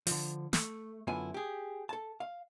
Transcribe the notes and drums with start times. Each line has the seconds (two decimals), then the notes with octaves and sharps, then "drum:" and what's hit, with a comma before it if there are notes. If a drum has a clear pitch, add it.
0.07 D3 F3, drum: open hi-hat
0.53 A3, drum: snare
1.07 F#2 D3 B3 E4 F4 G#5
1.34 G4 G#4
1.89 A4 A5
2.20 F5